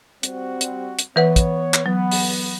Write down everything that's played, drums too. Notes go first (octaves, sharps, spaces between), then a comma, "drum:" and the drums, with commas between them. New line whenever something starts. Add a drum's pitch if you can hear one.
G3 C4 F#4, drum: hi-hat
drum: hi-hat
drum: hi-hat
E3 B3 B4 C#5 F#5
drum: kick, hi-hat
drum: clap
F#3 B3
drum: open hi-hat